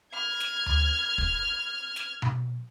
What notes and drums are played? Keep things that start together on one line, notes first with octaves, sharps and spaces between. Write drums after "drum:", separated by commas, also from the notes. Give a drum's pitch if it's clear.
F6 G#6
drum: snare
drum: tom D2
drum: kick
drum: snare
drum: tom B2